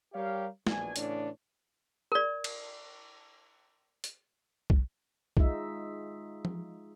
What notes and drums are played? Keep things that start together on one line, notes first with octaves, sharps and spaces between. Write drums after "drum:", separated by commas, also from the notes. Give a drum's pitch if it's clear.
G3 G4 A#4 C#5 F5
A#1 E2 B2 D4 B4 G#5, drum: snare
A2 C#3 E3 C#4 D4, drum: hi-hat
A#4 D5
drum: cymbal
drum: hi-hat
drum: kick
G#3 D#4 F4 E5, drum: kick
drum: tom F3